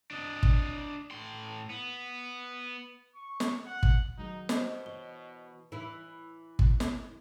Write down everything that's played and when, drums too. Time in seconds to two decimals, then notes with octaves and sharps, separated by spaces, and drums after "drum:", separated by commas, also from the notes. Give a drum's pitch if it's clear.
0.11 D4 D#5
0.43 drum: kick
1.11 A2 C6
1.70 B3
3.15 C#6
3.40 drum: snare
3.66 F#5
3.83 drum: kick
4.18 D#3 F#3 G#3 D#4
4.49 B2 C5 D#5, drum: snare
4.86 E3 C#5 G7
5.72 E3 E4
6.59 drum: kick
6.80 drum: snare